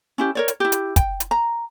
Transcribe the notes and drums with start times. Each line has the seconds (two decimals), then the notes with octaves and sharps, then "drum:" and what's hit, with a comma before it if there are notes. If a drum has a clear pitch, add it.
0.18 C#4 E4 G4
0.35 A#4 C#5 D5
0.48 drum: hi-hat
0.60 E4 G4
0.72 drum: hi-hat
0.96 G5, drum: kick, hi-hat
1.20 drum: hi-hat
1.31 A#5